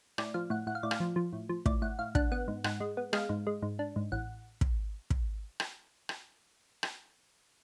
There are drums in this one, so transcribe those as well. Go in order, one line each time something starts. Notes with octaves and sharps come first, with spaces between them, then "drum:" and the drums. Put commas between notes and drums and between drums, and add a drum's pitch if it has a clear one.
A2 D5, drum: rim click
F3 F5
A2 F#5
A2 F#5
F5
A2 D5
F5, drum: rim click
F3
F3
A2
F3
A2 D5, drum: kick
A2 F#5
A2 F5
D4 F#5, drum: kick
B3 F#5
G#2
G#2 F#5, drum: rim click
G#3
B3
G#3 F5, drum: rim click
G#2
G#3
G#2
D4
G#2
A1 F#5
drum: kick
drum: kick
drum: rim click
drum: rim click
drum: rim click